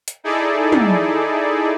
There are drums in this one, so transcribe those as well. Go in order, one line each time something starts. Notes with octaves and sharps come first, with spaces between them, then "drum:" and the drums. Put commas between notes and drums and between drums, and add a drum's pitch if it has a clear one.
drum: hi-hat
D#4 E4 G#4 A4 D5
drum: tom